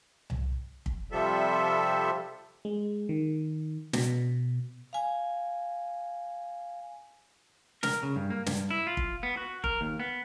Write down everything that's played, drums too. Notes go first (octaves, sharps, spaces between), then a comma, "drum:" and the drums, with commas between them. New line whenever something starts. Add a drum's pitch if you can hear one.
drum: tom C2
drum: kick
C3 F3 G3 A4 E5
G#3
D#3
B2, drum: snare
F5 G#5
A#4, drum: snare
C#3
G2
A#3
G2, drum: snare
E4
F4
drum: kick
B3
F#4
A#4, drum: kick
D#2
B3